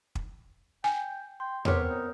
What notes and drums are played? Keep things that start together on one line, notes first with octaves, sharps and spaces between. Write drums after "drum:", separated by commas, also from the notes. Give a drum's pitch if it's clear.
drum: kick
G5 G#5
G5 C6
B3 C4 G4 A#4 B4 C#5, drum: tom E2
D#4